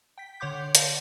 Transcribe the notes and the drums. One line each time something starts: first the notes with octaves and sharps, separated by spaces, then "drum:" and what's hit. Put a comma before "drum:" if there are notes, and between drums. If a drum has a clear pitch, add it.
G5 B6
D3 C#5 F#5 C6 D6 G6
F5 A5, drum: hi-hat